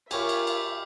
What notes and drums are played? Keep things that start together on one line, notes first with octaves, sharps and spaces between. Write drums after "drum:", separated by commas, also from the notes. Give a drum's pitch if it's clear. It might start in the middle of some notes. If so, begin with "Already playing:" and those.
F4 G4 A#4 C#5 E5 G#5, drum: cymbal
drum: cymbal
drum: cymbal